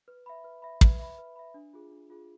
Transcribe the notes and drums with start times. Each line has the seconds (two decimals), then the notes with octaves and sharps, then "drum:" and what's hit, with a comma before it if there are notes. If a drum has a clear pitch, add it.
0.08 B4
0.26 E5 B5
0.44 B4
0.62 E5 B5
0.81 B4, drum: kick
0.99 E5 B5
1.18 B4
1.36 E5 B5
1.54 D4
1.74 F4 G#4
1.91 D4
2.10 F4 G#4